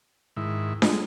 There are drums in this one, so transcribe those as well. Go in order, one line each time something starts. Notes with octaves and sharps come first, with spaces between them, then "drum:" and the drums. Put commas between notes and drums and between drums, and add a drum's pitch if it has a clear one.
G#2 D#3 E4
G3 G#3 F4, drum: snare D4